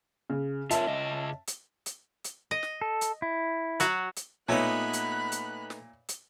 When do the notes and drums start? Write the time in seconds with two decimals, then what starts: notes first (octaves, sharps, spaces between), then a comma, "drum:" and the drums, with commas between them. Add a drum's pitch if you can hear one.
0.30 C#3
0.71 F4 A#4 C#5 E5 A5, drum: hi-hat
0.87 C#3 D#5
1.47 drum: hi-hat
1.86 drum: hi-hat
2.24 drum: hi-hat
2.51 D#5
2.63 drum: snare
2.81 A4
3.01 drum: hi-hat
3.22 E4
3.80 F#3 F#4, drum: hi-hat
4.16 drum: hi-hat
4.49 A#2 A3 B3 D#4 C#5 E5 B5 F#6
4.93 drum: hi-hat
5.32 drum: hi-hat
5.70 drum: snare
6.09 drum: hi-hat